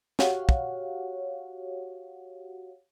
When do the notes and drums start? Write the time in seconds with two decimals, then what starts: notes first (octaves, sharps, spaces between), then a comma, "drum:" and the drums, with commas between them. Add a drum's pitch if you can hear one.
0.19 F#4 G4 C#5 F5 F#5, drum: snare
0.49 drum: kick